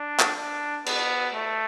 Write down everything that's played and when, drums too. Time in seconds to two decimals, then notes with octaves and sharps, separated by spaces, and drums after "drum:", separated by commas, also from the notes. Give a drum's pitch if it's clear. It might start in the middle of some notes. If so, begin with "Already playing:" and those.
Already playing: D4
0.19 drum: clap
0.37 D4
0.86 B3, drum: cymbal
1.34 A3